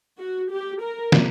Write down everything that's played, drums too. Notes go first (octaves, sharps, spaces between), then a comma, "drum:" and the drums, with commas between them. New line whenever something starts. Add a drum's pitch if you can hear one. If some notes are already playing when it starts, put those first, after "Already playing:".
F#4
G4
A#4
C3 F3 A#3, drum: snare